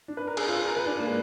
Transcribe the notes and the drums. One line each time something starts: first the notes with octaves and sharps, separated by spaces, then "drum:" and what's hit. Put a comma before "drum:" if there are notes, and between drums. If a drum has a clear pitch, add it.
D4
B4
A#4
G#4, drum: cymbal
F4
G#4
A#4
B4
D4
A#3
G#3